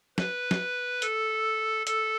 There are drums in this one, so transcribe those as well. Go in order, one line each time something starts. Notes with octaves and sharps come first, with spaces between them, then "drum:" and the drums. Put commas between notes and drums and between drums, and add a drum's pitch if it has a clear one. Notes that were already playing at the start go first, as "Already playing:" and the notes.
B4, drum: snare
drum: snare
A4, drum: hi-hat
A4, drum: hi-hat